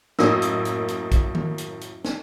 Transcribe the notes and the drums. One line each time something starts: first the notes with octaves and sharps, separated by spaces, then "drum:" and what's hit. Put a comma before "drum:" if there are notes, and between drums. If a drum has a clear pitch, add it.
F#2 A2 A#3 D#5 E6, drum: snare
drum: hi-hat
drum: hi-hat
drum: hi-hat
drum: kick, hi-hat
drum: tom D#3
drum: hi-hat
drum: hi-hat
drum: snare